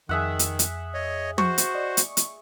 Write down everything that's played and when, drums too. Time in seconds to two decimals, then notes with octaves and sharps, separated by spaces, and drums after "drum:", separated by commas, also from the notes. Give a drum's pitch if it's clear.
0.09 F2 D#3 G#4 E5 F#5
0.39 drum: hi-hat
0.59 drum: hi-hat
0.94 C#5 D#5
1.38 F#4 C5 C#6, drum: tom
1.58 drum: hi-hat
1.75 D5 D#5
1.97 drum: hi-hat
2.17 drum: hi-hat